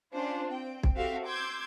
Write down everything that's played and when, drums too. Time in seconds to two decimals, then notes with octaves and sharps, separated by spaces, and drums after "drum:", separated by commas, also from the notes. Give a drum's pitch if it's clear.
0.13 C#4 D4 F4 C5
0.48 C4 G5
0.83 drum: kick
0.95 C4 F#4 G4 A4 E5 F5
1.25 C6 D6 E6 G6 G#6